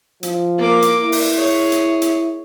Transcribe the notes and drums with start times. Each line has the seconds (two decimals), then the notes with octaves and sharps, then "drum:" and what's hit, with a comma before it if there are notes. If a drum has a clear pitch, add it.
0.23 F3, drum: hi-hat
0.58 A#3 D6
0.82 drum: hi-hat
1.01 E4
1.12 drum: open hi-hat
1.35 G#4 C#5
1.72 drum: hi-hat
2.02 drum: hi-hat